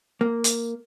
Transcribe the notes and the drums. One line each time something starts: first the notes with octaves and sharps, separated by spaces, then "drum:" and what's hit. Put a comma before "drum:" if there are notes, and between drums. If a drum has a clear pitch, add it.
A#3
drum: hi-hat